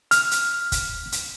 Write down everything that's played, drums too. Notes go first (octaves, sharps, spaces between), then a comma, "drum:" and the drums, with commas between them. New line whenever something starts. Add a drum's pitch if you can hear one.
F6, drum: hi-hat
drum: hi-hat
drum: kick, hi-hat
drum: hi-hat